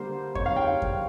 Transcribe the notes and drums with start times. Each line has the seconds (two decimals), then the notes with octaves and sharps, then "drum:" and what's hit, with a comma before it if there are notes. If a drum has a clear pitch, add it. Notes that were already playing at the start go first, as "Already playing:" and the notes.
Already playing: D3 G3 A#3 C5
0.35 C#5, drum: kick F2
0.46 F5
0.56 G5
0.82 drum: kick F2